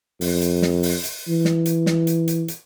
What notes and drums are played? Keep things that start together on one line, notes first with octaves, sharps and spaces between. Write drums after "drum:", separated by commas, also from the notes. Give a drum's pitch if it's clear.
F2, drum: open hi-hat
drum: hi-hat
drum: snare
drum: open hi-hat
drum: hi-hat
E3
drum: snare
drum: hi-hat
drum: snare
drum: hi-hat
drum: hi-hat
drum: hi-hat